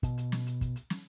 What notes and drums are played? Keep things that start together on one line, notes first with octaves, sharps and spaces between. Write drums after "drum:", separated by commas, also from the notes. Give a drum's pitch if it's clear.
B2, drum: kick, hi-hat
drum: hi-hat
drum: snare
drum: hi-hat
drum: kick, hi-hat
drum: hi-hat
drum: snare